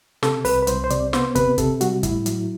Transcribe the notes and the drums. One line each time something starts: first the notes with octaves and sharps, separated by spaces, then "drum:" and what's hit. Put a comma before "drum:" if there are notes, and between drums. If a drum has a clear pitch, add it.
C3 A4, drum: snare
C2 B4, drum: open hi-hat
B4
C2 C5, drum: hi-hat
C5
C3 D5, drum: hi-hat
B3 C5, drum: snare
C3 B4, drum: kick, hi-hat
C3 A4, drum: kick, hi-hat
G3 F#4, drum: hi-hat
A2 E4, drum: kick, hi-hat
F#3, drum: hi-hat